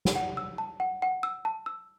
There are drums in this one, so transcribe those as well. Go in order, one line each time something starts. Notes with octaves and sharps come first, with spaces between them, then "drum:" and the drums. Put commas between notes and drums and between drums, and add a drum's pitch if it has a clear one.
drum: snare
F#5
E6
A5
F#5
F#5
E6
A5
E6